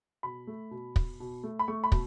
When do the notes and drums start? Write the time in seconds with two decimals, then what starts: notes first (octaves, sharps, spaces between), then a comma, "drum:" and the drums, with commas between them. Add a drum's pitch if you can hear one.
0.23 B2 B5
0.47 A3
0.71 B2
0.96 B2, drum: kick
1.20 B2
1.44 A3
1.59 B5
1.68 A3 C#6
1.84 B5
1.92 B2, drum: kick